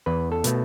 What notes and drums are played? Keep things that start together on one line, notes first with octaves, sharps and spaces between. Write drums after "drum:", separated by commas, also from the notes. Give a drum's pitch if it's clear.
E2 B4
A4
B2 A3, drum: hi-hat